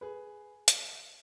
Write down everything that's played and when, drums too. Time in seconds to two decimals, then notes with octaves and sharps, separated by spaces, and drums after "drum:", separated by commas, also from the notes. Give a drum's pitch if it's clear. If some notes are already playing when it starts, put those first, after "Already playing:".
0.01 G#4 B4
0.68 drum: hi-hat